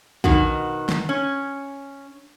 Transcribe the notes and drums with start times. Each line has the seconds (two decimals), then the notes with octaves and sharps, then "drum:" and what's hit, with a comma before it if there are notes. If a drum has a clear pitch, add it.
0.24 B2 D#3 F#4, drum: kick
0.89 drum: snare
1.09 C#4